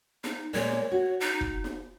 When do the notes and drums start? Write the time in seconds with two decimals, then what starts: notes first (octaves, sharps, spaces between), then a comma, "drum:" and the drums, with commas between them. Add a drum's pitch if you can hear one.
0.24 D#4, drum: snare
0.53 A#2 G#3 A#3 C#5
0.71 drum: snare
0.92 F#4
1.20 D#4
1.41 drum: kick
1.64 drum: snare